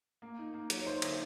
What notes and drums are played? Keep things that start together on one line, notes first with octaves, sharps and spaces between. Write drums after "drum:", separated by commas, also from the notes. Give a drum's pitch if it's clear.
A#3
D#4
A#3
F#3, drum: hi-hat
C#5
D#4 C5
D3, drum: cymbal